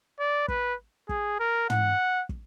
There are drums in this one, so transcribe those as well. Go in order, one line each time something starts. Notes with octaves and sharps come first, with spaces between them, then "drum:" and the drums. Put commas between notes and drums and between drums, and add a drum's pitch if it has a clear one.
D5
B4, drum: kick
G#4, drum: kick
A#4
F#5, drum: tom
drum: kick